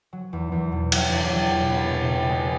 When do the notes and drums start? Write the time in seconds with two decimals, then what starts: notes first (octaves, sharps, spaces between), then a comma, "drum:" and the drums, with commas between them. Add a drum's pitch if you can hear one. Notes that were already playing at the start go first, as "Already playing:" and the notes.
0.13 F#3
0.33 E2
0.52 E2
0.72 B2
0.92 F#3, drum: cymbal
1.11 E2
1.32 E2
1.51 B2
1.70 B3
1.90 B2
2.10 B2
2.29 G#3